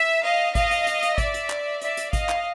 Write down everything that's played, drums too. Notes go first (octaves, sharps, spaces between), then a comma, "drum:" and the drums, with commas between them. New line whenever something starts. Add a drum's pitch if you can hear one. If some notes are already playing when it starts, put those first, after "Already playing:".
Already playing: E5
D#5 F5
D#5 F5, drum: kick G#1, hi-hat
drum: hi-hat
drum: hi-hat
drum: hi-hat
D5 E5, drum: kick G#1, hi-hat
drum: hi-hat
drum: clap
D5 E5, drum: hi-hat
drum: hi-hat
D#5 F5, drum: kick G#1, hi-hat
drum: clap